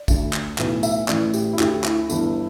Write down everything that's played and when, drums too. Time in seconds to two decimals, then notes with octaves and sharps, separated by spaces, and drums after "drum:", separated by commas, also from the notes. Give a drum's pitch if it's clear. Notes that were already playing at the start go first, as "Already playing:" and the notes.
Already playing: D5
0.08 D2 D3, drum: kick, tambourine
0.33 drum: clap
0.58 B1 A2 E3 B4, drum: clap
0.83 E5, drum: tambourine
1.08 A1 A2 E3 D5, drum: clap
1.34 G4, drum: tambourine
1.53 E4
1.59 D2 D3 G4, drum: clap
1.84 E4, drum: clap
2.10 G1 G2 E3, drum: tambourine